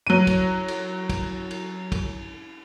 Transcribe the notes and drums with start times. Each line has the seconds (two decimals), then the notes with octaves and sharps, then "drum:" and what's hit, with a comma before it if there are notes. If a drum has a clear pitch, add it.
0.07 F#3 D#7
0.27 drum: kick, cymbal
0.68 drum: cymbal
1.09 drum: kick, cymbal
1.51 drum: cymbal
1.92 drum: kick, cymbal